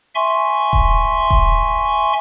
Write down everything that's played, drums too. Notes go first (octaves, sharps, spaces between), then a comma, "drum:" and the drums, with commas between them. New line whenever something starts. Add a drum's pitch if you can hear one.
E5 G#5 C6 C#6
drum: kick D#1
drum: kick D#1